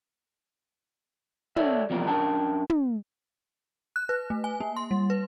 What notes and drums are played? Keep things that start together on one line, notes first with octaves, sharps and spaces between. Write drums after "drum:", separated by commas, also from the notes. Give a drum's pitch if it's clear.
A4 C#5 D5 E5, drum: tom
E2 C3 F3 G3 A#3 A#4
F#2 D4 A#4 G5 A5
drum: tom
F#6
B4
A3
G#5
A#3
C6
G3
B4